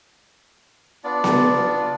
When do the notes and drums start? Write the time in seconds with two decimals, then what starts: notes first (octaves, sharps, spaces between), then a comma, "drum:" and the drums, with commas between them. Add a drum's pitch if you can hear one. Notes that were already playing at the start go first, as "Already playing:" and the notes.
1.04 B3 D4 F4 D5
1.24 drum: snare B3